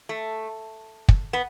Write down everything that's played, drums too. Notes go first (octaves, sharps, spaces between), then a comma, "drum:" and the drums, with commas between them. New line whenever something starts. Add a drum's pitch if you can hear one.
A3
drum: kick
B3